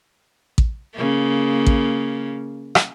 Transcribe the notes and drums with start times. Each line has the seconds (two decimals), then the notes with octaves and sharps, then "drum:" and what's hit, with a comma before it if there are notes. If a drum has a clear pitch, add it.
0.58 drum: kick A1
0.94 C#3 A#3
1.67 drum: kick A1
2.75 drum: rim click